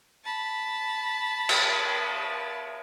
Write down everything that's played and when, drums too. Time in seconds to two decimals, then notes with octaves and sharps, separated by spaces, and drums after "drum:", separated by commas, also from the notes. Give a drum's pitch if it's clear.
0.24 A5 B5
1.49 drum: cymbal